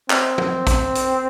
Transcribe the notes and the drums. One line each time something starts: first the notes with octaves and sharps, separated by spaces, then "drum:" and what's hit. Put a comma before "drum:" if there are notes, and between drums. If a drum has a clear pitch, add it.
C4, drum: clap
drum: tom
drum: kick, hi-hat
drum: hi-hat